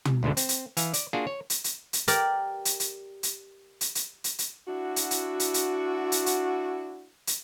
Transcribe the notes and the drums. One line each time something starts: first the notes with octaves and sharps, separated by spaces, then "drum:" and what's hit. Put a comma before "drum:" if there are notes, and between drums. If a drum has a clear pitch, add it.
drum: tom
D2 G#2 B2 D3
C4, drum: hi-hat
drum: hi-hat
E3 F5 G#5, drum: hi-hat
D5, drum: hi-hat
A#3 D4 F4 F#4 G#4
C#5
drum: hi-hat
drum: hi-hat
drum: hi-hat
G4 A#4 D5, drum: hi-hat
drum: hi-hat
drum: hi-hat
drum: hi-hat
drum: hi-hat
drum: hi-hat
drum: hi-hat
drum: hi-hat
D4 E4 F#4
drum: hi-hat
drum: hi-hat
drum: hi-hat
drum: hi-hat
drum: hi-hat
drum: hi-hat
drum: hi-hat